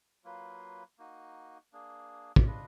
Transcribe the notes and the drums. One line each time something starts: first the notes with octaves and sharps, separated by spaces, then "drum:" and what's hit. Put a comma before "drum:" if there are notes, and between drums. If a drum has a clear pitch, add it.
F#3 A#3 F4 B4
A#3 D#4 F#4
A#3 D4 G#4
drum: kick
D4 F4 B4 D#5